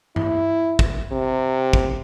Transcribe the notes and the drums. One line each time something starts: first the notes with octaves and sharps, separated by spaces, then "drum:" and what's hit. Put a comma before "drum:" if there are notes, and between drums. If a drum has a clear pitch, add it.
E4, drum: tom G2
drum: kick
C3
drum: kick